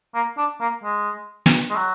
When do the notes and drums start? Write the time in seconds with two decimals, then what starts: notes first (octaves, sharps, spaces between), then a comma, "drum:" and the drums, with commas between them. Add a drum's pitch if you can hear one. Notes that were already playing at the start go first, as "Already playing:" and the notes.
0.15 A#3
0.37 D4
0.61 A#3
0.84 G#3
1.46 drum: snare
1.70 G#3
1.76 F#3